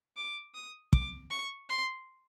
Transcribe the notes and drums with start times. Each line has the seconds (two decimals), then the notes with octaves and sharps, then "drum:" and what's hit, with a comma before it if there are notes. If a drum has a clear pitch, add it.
0.17 D6
0.54 D#6
0.93 D6, drum: kick
1.31 C#6
1.69 C6